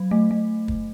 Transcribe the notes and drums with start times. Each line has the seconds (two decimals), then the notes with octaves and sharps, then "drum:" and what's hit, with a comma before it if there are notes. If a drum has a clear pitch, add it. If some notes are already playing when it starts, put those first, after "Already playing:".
Already playing: F#3
0.11 A3
0.31 A3
0.68 drum: kick